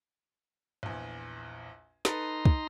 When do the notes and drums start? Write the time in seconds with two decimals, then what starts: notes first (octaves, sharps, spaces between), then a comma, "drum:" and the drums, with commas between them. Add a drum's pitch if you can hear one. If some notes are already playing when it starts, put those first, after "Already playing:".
0.83 A#1 E2
2.05 D#4 A4 B4 A#5 C6, drum: snare
2.45 drum: kick